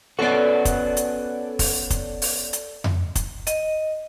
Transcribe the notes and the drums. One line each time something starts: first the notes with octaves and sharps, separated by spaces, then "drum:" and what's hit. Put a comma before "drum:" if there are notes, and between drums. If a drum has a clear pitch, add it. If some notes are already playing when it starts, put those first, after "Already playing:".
B3 C#4 F#4 A4 D5
drum: kick, hi-hat
drum: hi-hat
drum: kick, open hi-hat
drum: kick, hi-hat
drum: open hi-hat
drum: hi-hat
drum: tom F2
drum: kick, hi-hat
D#5, drum: hi-hat